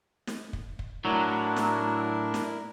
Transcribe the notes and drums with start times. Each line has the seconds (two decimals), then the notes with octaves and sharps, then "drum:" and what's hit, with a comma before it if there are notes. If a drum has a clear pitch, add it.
0.27 drum: snare
0.53 drum: kick
0.79 drum: kick
1.05 A2 F#3 D4 E4 A#4
1.56 drum: snare
2.34 drum: snare